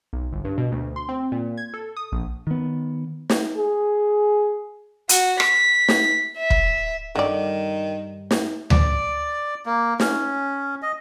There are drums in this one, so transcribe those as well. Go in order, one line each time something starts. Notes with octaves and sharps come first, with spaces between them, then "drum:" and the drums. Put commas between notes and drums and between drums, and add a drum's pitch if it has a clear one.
B1
G1
G2
B2
D2
C6
C4
A#2
G#6
A4
D#6
A#1
D#3 B3
drum: snare
G#4
F#4, drum: hi-hat
B6, drum: rim click
drum: snare
E5
drum: kick
G2 D3 D#3 D5
drum: snare
D5, drum: tom D2
A#3
C#4, drum: snare
D#5